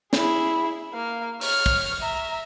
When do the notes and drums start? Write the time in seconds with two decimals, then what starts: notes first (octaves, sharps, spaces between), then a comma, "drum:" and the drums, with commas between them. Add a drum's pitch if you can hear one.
0.13 E4 G#4, drum: snare
0.93 A#3 F5
1.41 C#5 F6, drum: open hi-hat
1.66 drum: kick
2.00 E5 A#5